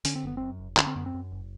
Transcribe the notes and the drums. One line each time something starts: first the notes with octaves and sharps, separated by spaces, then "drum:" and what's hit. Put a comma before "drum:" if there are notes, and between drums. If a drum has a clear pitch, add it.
D3 C#4, drum: hi-hat
C4
F#1 B3
F#2 C4
F#1
D3 C#4, drum: clap
C4
F#2 B3
C4
F#2
F#1